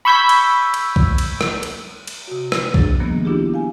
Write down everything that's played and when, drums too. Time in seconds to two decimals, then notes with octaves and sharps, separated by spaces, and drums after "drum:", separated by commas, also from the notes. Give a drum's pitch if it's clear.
0.05 B5 C#6 E6 G6 G#6 B6
0.29 drum: cymbal
0.74 drum: cymbal
0.96 drum: kick B1
1.18 drum: cymbal
1.41 drum: rim click
1.63 drum: cymbal
2.07 drum: cymbal
2.28 C3 F#4
2.52 drum: rim click
2.74 D4 G#4 A6, drum: kick B1
3.00 D#3 F3 G3 A#3 B3
3.25 B3 D4 E4 F4 G4 G#4
3.54 F5 G#5